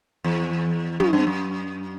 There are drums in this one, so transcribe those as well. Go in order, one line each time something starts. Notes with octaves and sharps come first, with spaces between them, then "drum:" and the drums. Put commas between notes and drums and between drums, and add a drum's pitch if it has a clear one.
E2
F#2, drum: tom
G2
F#2